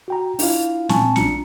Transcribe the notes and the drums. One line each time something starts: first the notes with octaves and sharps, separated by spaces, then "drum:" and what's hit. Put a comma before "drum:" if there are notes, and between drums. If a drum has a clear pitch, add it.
F#4 G5 A#5
D4 E4 F4 F5, drum: open hi-hat
A#2 C4 G#5 A5 C#6, drum: snare
A#1 D4 F4 A#5 C#7, drum: snare